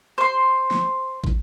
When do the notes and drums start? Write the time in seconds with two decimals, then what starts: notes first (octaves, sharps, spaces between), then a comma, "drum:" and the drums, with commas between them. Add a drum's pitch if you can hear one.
0.18 C5 C6
0.71 drum: snare
1.24 drum: kick